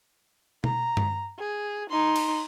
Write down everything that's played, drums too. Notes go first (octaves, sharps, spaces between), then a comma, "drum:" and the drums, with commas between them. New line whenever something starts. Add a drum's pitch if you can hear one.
A#5, drum: tom B2
drum: tom G2
G#4
D#4 C6
drum: cymbal